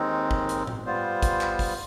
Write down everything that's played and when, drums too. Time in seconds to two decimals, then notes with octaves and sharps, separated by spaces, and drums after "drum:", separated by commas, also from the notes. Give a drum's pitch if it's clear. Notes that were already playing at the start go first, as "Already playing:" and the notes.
Already playing: D#2 D#3 G#3 C4 D#4
0.31 drum: kick G#1
0.49 drum: hi-hat
0.67 drum: tom A2
0.85 G3 B3 F4 C5
1.22 drum: kick G#1, hi-hat
1.41 drum: clap
1.59 drum: kick G#1, open hi-hat